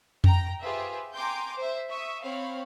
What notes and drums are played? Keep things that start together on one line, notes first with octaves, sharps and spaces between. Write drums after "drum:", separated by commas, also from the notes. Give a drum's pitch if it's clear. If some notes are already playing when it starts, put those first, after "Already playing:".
G5 A#5, drum: tom F2
F4 G4 G#4 B4 C5 E5
G5 G#5 A#5 C6 D6 G6
C5 E5
E5 C#6 D#6
C4 C#5 F5 B5